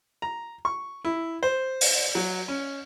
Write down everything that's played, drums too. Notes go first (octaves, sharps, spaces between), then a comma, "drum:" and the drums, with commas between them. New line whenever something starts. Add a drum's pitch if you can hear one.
A#5
C#6
E4
C5
drum: open hi-hat
F#3
C#4